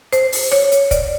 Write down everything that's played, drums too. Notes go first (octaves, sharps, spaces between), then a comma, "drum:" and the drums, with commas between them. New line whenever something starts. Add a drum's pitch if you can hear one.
C5, drum: hi-hat
drum: open hi-hat
C#5, drum: rim click
drum: hi-hat
D5, drum: kick, hi-hat